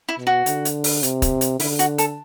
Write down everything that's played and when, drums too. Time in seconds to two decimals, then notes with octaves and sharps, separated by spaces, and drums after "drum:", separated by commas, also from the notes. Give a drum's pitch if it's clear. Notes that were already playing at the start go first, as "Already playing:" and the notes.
0.09 E4
0.18 B2
0.27 F#4
0.46 D3, drum: hi-hat
0.65 drum: hi-hat
0.84 drum: open hi-hat
1.03 C3, drum: hi-hat
1.22 drum: kick, hi-hat
1.41 drum: hi-hat
1.60 D3 E4, drum: open hi-hat
1.79 F#4, drum: hi-hat
1.98 A4, drum: hi-hat